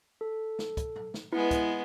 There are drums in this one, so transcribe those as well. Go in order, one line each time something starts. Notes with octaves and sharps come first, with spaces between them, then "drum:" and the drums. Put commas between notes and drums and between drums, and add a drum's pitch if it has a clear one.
A4
drum: snare
drum: kick, hi-hat
drum: tom
drum: snare
G#3 B3 E4 B4
drum: kick, hi-hat